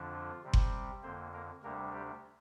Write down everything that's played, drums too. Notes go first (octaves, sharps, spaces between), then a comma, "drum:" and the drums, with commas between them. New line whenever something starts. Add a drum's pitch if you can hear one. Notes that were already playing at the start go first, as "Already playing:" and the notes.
Already playing: F2 D3 F3 D4
F4
C3 G3 C4
drum: kick F#1
F2 D3 A#3 C4 C5
A#3 A#4
D2 C3 G3 A#3 D4 A#4
G3 G4